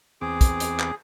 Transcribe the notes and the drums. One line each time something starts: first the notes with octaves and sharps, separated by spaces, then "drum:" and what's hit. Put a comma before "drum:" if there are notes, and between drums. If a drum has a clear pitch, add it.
E2 C4 G#4 D6
drum: kick, hi-hat
drum: hi-hat
drum: clap